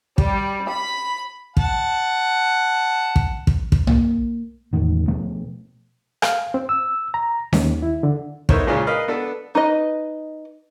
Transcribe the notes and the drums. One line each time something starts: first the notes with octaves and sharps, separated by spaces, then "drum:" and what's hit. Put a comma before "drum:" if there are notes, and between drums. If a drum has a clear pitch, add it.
G3, drum: kick
B5
F#5 A5, drum: kick
drum: kick
drum: kick
drum: kick
A#3, drum: tom
E1 E2 A2 D#3
B2 F3 A3 B3
F5, drum: rim click
C4
E6
A#5
D#2, drum: snare C#4
E4
D3
A3 B3 D#4 A#4 C5 C#5, drum: kick
A#2 C#3 G#3 C#4 D4 F4
A#4 B4 D#5 F5 B5
B3 D4 A4 B4
D#4 B4 D#5